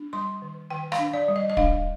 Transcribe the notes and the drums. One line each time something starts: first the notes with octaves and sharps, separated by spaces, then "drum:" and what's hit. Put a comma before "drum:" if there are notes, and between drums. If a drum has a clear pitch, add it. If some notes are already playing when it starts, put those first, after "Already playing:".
Already playing: D4
G3 C6
D#3
D#3 G5
F5, drum: rim click
D4
D5
G3
D#5
D#5
D4 F5, drum: kick